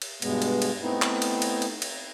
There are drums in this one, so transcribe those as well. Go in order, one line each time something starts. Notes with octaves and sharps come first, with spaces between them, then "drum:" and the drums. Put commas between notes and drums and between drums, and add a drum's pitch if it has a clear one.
drum: cymbal
G2 B2 G#3 B3, drum: cymbal
drum: cymbal
drum: cymbal
A3 B3 C4 D#4 E4
drum: clap
drum: cymbal
drum: cymbal
drum: cymbal
drum: cymbal